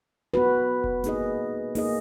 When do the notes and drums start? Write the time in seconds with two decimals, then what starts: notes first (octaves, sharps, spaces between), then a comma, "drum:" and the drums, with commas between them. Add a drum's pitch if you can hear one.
0.34 B3 F#4 B4
0.84 drum: kick F1
1.04 A#3 D#4 G#4 D#5, drum: hi-hat
1.75 A#3 D#4 G#4 D#5, drum: open hi-hat